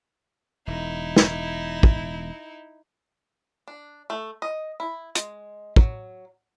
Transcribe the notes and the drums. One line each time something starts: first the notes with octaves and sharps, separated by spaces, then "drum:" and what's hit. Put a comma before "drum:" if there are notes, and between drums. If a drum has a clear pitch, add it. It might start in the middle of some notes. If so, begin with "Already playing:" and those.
E1 D#4 E4
drum: snare
drum: kick
D4
A3
D#5
E4
G#3, drum: hi-hat
F#3, drum: kick